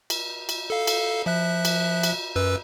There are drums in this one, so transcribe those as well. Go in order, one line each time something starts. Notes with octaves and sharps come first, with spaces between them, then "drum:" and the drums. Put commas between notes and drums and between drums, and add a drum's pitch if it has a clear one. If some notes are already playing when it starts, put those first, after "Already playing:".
drum: cymbal
drum: cymbal
A4 F5
drum: cymbal
F3 E5 F#6
drum: cymbal
drum: cymbal
F#2 B4 E6